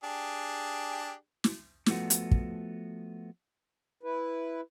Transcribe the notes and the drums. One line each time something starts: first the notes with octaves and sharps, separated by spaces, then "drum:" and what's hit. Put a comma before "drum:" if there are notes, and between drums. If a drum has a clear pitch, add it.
D4 G4 G#4
drum: snare
F3 A3 B3 F#4, drum: snare
drum: hi-hat
drum: kick
E4 B4